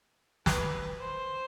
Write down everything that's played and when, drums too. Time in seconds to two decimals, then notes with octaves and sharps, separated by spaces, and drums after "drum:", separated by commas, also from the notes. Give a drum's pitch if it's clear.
0.46 B4, drum: snare
1.00 C5